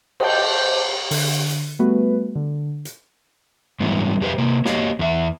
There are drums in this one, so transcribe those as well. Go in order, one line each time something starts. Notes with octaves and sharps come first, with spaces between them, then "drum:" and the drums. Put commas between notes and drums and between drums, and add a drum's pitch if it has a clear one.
C5 D#5 G5 A5 D6 G6, drum: cymbal
D3, drum: open hi-hat
drum: hi-hat
G3 A3 B3 F#4 B4
D3
drum: hi-hat
G#2 E3 F#3 G3 B3 E4
F2 G4 B4 C5 E5 F5
C3 A#3
A#3 F#4 G4 C#5 D#5 F5, drum: snare
E2 E5